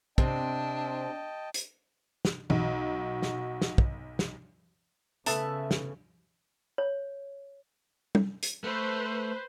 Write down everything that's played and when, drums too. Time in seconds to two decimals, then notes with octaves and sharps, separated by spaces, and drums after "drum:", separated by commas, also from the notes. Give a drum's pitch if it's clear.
0.18 C3 C4 D4 D#5 G5 A5, drum: kick
1.54 drum: hi-hat
2.25 drum: snare
2.50 B1 F#4, drum: tom
3.22 drum: snare
3.62 drum: snare
3.78 drum: kick
4.19 drum: snare
5.26 C#3 A3 B3 E5 A5, drum: hi-hat
5.71 drum: snare
6.78 C#5
8.15 drum: tom G3
8.43 drum: hi-hat
8.64 A3 B4 C5